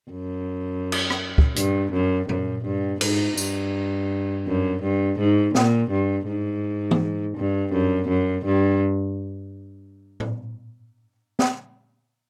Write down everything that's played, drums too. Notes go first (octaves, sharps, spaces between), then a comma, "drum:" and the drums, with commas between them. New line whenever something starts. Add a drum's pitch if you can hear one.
F#2
drum: cymbal
drum: rim click
drum: kick
G2, drum: hi-hat
F#2
F#2, drum: tom A#2
G2
G#2, drum: cymbal
G2, drum: tambourine
F#2
G2
G#2
A#2, drum: snare
G2
G#2
drum: tom E3
G2
F#2
F#2
G2
drum: tom A2
drum: snare